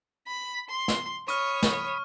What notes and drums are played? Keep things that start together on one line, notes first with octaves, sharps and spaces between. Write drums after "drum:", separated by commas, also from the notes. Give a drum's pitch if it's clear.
B5
C6
drum: snare
C#5 B5 C#6 D#6 F6, drum: hi-hat
drum: snare